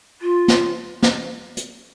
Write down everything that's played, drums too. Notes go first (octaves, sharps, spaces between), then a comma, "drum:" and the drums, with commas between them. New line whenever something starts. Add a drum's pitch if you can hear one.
F4
drum: snare
drum: snare
drum: hi-hat